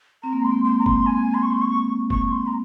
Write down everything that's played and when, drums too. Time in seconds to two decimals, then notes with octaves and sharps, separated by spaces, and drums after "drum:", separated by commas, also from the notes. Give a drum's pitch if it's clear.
0.23 C4 A#5
0.33 A#3
0.42 G#3 C6
0.51 A#3
0.65 A#3 C6
0.79 A#5
0.86 C6, drum: kick F#1
1.06 G#5
1.34 C6
1.43 C#6
1.51 C6
1.62 C#6
2.10 C#6, drum: kick F#1
2.31 C6
2.47 A#5